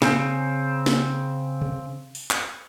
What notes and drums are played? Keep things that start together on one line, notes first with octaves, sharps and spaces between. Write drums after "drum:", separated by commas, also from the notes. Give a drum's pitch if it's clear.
C#3 C4, drum: snare
drum: snare
drum: tom C3
drum: open hi-hat
drum: clap